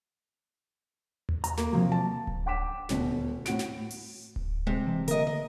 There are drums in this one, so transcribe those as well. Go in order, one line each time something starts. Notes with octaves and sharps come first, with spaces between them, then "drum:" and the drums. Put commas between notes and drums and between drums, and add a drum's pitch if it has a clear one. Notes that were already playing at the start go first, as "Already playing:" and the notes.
drum: tom D#2
A#5, drum: hi-hat
A#3, drum: snare
C3 F3 F#3
A5
drum: kick D1
F#5 G5 D6 B6 E7
D#1 D2 B2, drum: snare
A2 F#4 D7, drum: snare
drum: snare
drum: open hi-hat
drum: kick D1
C3 G#3
E3 G#3
D3 A3 A#3 A#4 D#5, drum: hi-hat
D#5